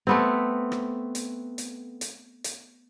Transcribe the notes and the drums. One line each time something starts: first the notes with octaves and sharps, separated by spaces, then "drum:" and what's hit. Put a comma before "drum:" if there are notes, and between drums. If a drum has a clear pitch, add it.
A3 B3 C4
drum: rim click
drum: hi-hat
drum: hi-hat
drum: hi-hat
drum: hi-hat